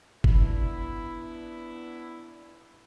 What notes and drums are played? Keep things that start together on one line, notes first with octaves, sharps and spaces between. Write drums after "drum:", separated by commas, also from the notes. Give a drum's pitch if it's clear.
B3 D4 E4, drum: kick